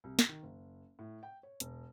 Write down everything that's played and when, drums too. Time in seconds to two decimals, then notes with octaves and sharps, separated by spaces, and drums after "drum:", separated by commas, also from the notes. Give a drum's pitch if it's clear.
0.04 C2
0.19 drum: snare
0.29 D#3
0.43 F#1
0.99 A2
1.23 G5
1.43 C#5
1.60 E1, drum: hi-hat